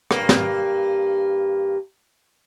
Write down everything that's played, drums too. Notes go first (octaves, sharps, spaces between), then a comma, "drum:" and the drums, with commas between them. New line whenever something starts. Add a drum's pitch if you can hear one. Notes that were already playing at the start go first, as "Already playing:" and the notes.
G2 A#3, drum: rim click
drum: snare